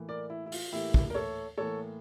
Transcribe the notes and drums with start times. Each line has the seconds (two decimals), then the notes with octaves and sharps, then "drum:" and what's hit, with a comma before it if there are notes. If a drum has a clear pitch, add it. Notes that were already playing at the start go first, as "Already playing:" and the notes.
Already playing: A2 E3 A#3
0.09 A#4 D5
0.30 E4
0.46 E4
0.52 F4, drum: open hi-hat
0.72 A2 E3 A#3 E4 G4
0.94 drum: kick
1.10 A#4
1.14 A4 C#5
1.57 A2 E3 A#3 A4 C#5